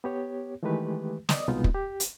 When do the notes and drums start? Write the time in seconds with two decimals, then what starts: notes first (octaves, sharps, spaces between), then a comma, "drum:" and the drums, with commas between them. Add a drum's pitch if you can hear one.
0.04 B3 G4 C#5
0.63 D#3 E3 G#3 A3 G4 B4
1.29 D5 D#5 D#6, drum: snare
1.48 C2 B2 G#3 B3 D#4 F4
1.64 drum: kick
1.75 G4
2.00 drum: hi-hat